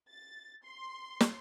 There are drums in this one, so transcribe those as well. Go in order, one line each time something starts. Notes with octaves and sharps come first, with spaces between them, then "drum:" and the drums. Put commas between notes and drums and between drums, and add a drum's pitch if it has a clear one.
A6
C6
drum: snare